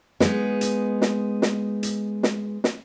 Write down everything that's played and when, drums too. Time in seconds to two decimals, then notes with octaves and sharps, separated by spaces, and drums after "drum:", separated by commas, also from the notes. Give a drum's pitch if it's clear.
0.20 G#3 B3 D#4, drum: snare
0.61 drum: hi-hat
1.02 drum: snare
1.42 drum: snare
1.83 drum: hi-hat
2.23 drum: snare
2.64 drum: snare